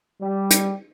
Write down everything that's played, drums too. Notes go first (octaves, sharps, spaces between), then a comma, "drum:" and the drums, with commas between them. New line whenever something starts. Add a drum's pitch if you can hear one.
G3
drum: hi-hat